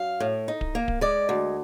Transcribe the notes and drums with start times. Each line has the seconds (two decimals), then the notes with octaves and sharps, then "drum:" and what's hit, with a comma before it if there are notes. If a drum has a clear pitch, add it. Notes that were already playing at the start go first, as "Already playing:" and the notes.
Already playing: F#2 F5
0.20 A2
0.48 D#4
0.61 drum: kick D1
0.75 A#3
0.88 drum: kick D1
1.01 G#3 D5
1.29 D2